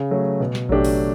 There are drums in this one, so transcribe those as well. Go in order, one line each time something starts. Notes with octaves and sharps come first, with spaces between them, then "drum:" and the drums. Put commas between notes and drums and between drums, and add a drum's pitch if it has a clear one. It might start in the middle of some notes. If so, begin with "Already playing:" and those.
Already playing: C#3
F#3 A3
B2
drum: snare
F#3 A3 D4 G4, drum: kick A1
drum: open hi-hat